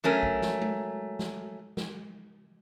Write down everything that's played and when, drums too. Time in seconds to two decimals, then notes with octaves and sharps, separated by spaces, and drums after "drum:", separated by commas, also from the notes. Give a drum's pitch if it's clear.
0.04 F#3 A3 C#4 A#4
0.23 drum: kick A#1
0.42 drum: snare
0.61 drum: tom G#3
1.19 drum: snare
1.77 drum: snare